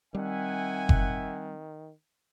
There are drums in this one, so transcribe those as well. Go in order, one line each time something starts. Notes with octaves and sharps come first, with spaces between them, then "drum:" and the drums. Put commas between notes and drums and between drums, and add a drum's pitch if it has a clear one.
D#3 G3 C4 E5 F#5 G#5
drum: kick F#1